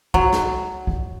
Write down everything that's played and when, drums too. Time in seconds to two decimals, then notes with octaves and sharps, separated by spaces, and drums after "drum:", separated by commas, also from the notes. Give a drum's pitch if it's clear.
0.14 F#3, drum: kick
0.32 drum: snare
0.87 drum: kick